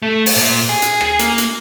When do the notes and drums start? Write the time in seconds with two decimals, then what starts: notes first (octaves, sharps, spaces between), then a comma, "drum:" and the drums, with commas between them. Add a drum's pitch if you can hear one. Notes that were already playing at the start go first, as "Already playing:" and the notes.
0.02 A3
0.26 drum: open hi-hat
0.36 A#2
0.69 G#4
0.82 drum: hi-hat
1.01 drum: rim click
1.19 A#3, drum: hi-hat
1.38 drum: hi-hat